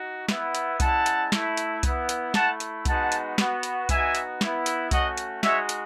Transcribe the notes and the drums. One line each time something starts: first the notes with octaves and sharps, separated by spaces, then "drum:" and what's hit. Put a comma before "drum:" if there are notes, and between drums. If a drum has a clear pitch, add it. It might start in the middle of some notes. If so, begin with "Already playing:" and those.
Already playing: D#4 F#4
B3 E4, drum: snare
drum: hi-hat
G#3 C#4 E4 F#5 A5, drum: kick C2, hi-hat
drum: hi-hat
A3 E4, drum: snare
drum: hi-hat
B3 E4, drum: kick C2, hi-hat
drum: hi-hat
A3 E4 F#5 A5, drum: snare
drum: hi-hat
G#3 B3 D#4 F#4 F#5 A5, drum: kick C2, hi-hat
drum: hi-hat
B3 F#4, drum: snare
drum: hi-hat
B3 D#4 F#4 E5 G#5, drum: kick C2, hi-hat
drum: hi-hat
B3 E4, drum: snare
drum: hi-hat
A3 C#4 F#4 D#5 F#5, drum: kick C2, hi-hat
drum: hi-hat
G#3 D#4 F#4 C#5 E5, drum: snare
drum: hi-hat